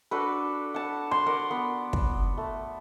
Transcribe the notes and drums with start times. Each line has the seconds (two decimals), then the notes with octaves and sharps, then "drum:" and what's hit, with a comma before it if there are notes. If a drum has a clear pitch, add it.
0.11 D4 F#4 A4 B4
0.74 F#5 A5
1.11 C6, drum: rim click
1.26 A#4 D5 F#5 C6
1.51 B3
1.93 drum: kick
2.37 A3